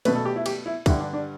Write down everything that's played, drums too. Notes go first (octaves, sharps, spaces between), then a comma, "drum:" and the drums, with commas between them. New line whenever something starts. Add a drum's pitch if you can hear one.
B2 A3 B4, drum: cymbal
A4
G4
E4
G4, drum: cymbal
E4
G2 D3 G3 E4, drum: kick, cymbal
D4
D4